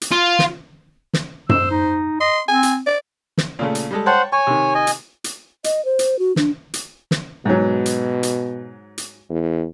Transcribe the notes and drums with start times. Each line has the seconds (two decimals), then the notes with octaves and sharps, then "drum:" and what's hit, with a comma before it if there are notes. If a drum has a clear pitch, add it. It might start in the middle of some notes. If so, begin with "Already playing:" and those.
0.01 drum: hi-hat
0.12 F4
0.39 drum: snare
1.13 drum: snare
1.49 C5 E6, drum: tom F#2
1.71 D#4
2.20 D#5 C6
2.48 C4 G#5
2.63 drum: hi-hat
2.87 D5
3.38 drum: snare
3.59 A#2 C#3 A3
3.75 drum: hi-hat
3.91 G3 G#3 A4
4.06 C5 C#5 F#5 G5 A5
4.32 C#5 G#5 C#6
4.47 C3 D#3
4.75 D#5 G#5
4.87 drum: hi-hat
5.24 drum: hi-hat
5.64 D#5, drum: hi-hat
5.85 C5
5.99 drum: hi-hat
6.19 F#4
6.36 D4, drum: snare
6.74 drum: hi-hat
7.11 drum: snare
7.45 G#2 B2 F#3
7.86 drum: hi-hat
8.23 drum: hi-hat
8.98 drum: hi-hat
9.30 E2